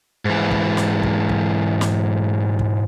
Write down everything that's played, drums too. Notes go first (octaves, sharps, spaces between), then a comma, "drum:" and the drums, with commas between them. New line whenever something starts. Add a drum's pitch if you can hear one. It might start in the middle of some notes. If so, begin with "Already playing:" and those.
G#2 E3
drum: kick
drum: snare
drum: kick
drum: kick
drum: snare
drum: kick